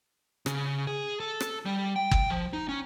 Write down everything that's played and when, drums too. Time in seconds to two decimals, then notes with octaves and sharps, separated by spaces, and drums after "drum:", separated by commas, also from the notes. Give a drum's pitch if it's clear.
0.46 C#3, drum: rim click
0.87 G#4
1.20 A4
1.40 drum: rim click
1.65 G3
1.96 G5
2.11 drum: kick
2.30 F3
2.53 D#4
2.69 C#4